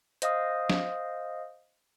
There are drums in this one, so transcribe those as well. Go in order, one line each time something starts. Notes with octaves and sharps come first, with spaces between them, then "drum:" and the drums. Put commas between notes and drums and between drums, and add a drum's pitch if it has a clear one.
C5 D#5 F5 D#6, drum: hi-hat
drum: snare